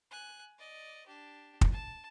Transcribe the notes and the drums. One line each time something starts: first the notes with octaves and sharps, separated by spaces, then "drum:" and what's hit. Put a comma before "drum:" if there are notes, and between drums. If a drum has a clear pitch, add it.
G#5 F#6
D5 D#5
D4 G4
drum: kick
A5